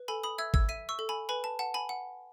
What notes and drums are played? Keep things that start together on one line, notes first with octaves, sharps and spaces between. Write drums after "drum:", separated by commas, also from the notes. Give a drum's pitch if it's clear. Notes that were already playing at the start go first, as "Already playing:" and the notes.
Already playing: B4
A4 G#5 B5
B5 D#6
E5 E6 G#6
E6 G#6, drum: kick
E5 B6 D#7
C#6 E6
A4
G#5 B5
B4 G#5 B5
A5
F#5 A5
G#5 B5
F#5